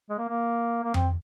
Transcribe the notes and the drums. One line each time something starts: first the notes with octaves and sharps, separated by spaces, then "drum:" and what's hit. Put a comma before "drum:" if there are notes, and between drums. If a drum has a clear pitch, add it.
G#3
A#3
A#3
A#3
C4, drum: tom F2